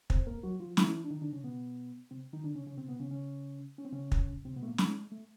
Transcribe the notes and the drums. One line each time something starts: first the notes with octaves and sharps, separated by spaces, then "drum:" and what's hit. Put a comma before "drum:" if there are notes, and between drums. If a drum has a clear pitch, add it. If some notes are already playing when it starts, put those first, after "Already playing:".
C4 C5, drum: kick
A#3 A#4
F#3 F#4
F3 F4
E3 E4, drum: snare
D4
D#3 D#4
D3 D4
C#3 C#4
B2 B3
C3 C4
D#3 D#4
D3 D4
C#3 C#4
C#3 C#4
C3 C4
B2 B3
C#3 C#4
C#3 C#4
C#4
C4
C#3 C#4
drum: kick
C3 C4
B2 B3
A3
A#2 A#3
G#3, drum: snare
A3